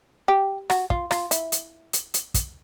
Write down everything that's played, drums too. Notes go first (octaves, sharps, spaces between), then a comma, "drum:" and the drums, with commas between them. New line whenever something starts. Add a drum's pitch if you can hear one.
G4
F#4, drum: rim click
F4, drum: kick
F4, drum: rim click
E4, drum: hi-hat
drum: hi-hat
drum: hi-hat
drum: hi-hat
drum: kick, hi-hat